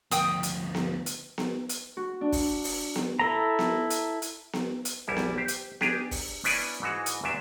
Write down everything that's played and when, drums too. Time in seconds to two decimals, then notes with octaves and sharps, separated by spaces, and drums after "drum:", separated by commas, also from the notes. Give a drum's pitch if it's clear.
0.11 D2 F3 G5 D#6, drum: hi-hat
0.43 drum: hi-hat
0.75 drum: snare B3
1.06 drum: hi-hat
1.38 drum: snare B3
1.69 drum: hi-hat
1.97 F#4
2.21 D4
2.32 drum: kick, open hi-hat
2.64 drum: open hi-hat
2.96 drum: snare B3
3.19 E4 A4 A#5
3.59 drum: snare B3
3.90 drum: hi-hat
4.22 drum: hi-hat
4.53 drum: snare B3
4.85 drum: hi-hat
5.07 A#1 E2 G3 E4
5.17 drum: snare B3
5.38 G4 C5
5.48 drum: hi-hat
5.81 D4 G4 G#4 A#4, drum: snare B3
6.11 drum: kick, open hi-hat
6.44 B3 C#4 D4 E4 D5 G#5, drum: open hi-hat
6.82 G#2 E3 G#3 F#4
7.06 drum: hi-hat
7.24 E2 A#2 F#3 D4 E5